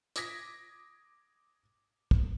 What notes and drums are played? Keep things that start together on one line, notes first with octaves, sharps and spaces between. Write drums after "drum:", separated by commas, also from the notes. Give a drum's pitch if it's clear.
D6 D#6 G#6 A#6 B6, drum: hi-hat
drum: kick